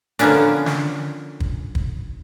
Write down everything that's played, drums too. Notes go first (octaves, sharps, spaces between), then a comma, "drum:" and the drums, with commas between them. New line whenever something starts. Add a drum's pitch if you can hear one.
D3 F3 A#3 B3 C#4 D4, drum: hi-hat
drum: snare
drum: kick
drum: kick